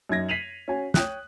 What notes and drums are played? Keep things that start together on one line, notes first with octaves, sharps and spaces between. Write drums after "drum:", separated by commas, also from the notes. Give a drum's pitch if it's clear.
F#2 D#4 G#6 A#6
B6 C7 D#7 F7 F#7
C#4 F#4 G#5
C#5 G5 D#6 F#6, drum: snare